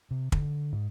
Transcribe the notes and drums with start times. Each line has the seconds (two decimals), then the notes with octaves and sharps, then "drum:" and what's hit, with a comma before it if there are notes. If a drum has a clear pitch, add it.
0.11 C3
0.32 D3, drum: kick
0.73 G#2